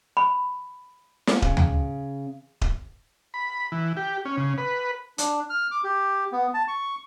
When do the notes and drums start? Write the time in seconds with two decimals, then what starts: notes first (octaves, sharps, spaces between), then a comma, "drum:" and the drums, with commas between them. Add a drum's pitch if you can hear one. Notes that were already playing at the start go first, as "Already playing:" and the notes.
0.17 B5
1.27 drum: snare
1.42 C#3, drum: kick D#1
1.57 drum: tom D2
2.61 drum: kick D#1
3.34 B5
3.72 E3
3.97 G4
4.25 C#4
4.37 C#3
4.58 B4
5.18 D4, drum: hi-hat
5.50 F6
5.71 D6
5.84 G4
6.32 B3
6.54 A5
6.68 C#6